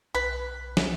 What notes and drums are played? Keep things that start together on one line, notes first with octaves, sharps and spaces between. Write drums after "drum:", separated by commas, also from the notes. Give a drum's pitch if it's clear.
B1 B4
drum: snare